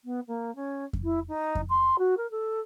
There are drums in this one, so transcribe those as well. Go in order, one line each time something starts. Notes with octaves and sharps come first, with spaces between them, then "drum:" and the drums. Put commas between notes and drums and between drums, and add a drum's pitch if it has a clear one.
B3
A#3
C#4
drum: kick F2
E4
D#4
drum: kick F2
C6
F#4
A#4
A4